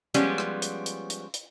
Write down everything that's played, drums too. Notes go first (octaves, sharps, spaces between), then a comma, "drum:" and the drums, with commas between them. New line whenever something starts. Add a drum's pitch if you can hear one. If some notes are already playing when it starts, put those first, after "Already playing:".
F3 G3 G#3 B3 C#4, drum: hi-hat
drum: rim click
drum: hi-hat
drum: hi-hat
drum: hi-hat
drum: hi-hat